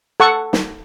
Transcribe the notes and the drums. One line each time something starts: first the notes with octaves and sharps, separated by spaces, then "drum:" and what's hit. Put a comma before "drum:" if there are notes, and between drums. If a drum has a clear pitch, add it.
A4 F#5 C#6
drum: snare